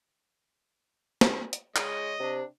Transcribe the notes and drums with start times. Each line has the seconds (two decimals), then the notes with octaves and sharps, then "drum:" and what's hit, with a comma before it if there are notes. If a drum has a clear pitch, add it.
1.21 drum: snare
1.53 drum: hi-hat
1.76 G#3 C#5 D#5, drum: clap
2.20 C3 D4